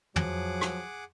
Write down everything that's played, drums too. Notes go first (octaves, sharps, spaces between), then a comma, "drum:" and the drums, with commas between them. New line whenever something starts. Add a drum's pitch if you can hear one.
F3 F#3 G#4 F#5 D6, drum: tom
drum: rim click